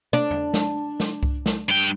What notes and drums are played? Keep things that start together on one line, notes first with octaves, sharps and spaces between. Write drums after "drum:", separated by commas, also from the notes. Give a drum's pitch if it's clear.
D4
drum: tom E2
drum: snare
drum: snare
drum: kick C2
drum: snare
G2 G5